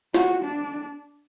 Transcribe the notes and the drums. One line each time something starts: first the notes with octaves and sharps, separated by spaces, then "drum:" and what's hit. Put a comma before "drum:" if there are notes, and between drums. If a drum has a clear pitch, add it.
F#4, drum: snare
D4